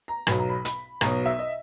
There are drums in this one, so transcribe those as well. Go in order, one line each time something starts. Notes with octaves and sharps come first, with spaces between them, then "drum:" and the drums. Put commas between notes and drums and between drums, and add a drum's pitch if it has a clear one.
A#5
B1 B2 F#3 B5, drum: rim click
A#5
B5
B5, drum: hi-hat
B1 B2 F#3 A#5, drum: rim click
E5
D#5